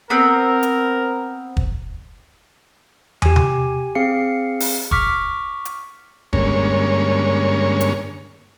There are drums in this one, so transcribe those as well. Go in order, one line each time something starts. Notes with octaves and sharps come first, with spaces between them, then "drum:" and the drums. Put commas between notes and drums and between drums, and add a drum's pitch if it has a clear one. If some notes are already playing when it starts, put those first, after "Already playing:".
B3 C4 A#4
drum: hi-hat
drum: kick
G4 G#5, drum: tom
drum: tom C3
C4 G#4 F5 C7 C#7
drum: open hi-hat
C#6 D6 F6 B6, drum: kick
drum: hi-hat
G2 D3 G#3 A#3 C#4 C#5, drum: kick
drum: hi-hat